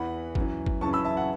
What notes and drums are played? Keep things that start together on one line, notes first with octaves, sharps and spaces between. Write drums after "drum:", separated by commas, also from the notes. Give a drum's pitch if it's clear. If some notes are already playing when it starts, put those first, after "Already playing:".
Already playing: E2 E3 F#5 B5
F#2, drum: kick
E3
drum: kick
F#2 C#3 E3 A5 C#6
B5 E6
E5 A5
F#5